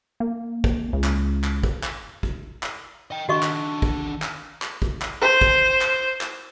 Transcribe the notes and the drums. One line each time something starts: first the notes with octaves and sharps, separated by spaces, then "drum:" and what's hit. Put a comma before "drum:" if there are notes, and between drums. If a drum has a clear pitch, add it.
A#3
drum: kick
C#2
drum: clap
drum: clap
drum: kick
drum: clap
drum: kick
drum: clap
D#5 G5
D#3 D4 F#4 D#5 C#6
drum: clap
drum: kick
drum: clap
drum: clap
drum: kick
drum: clap
C5
drum: kick
drum: clap
drum: clap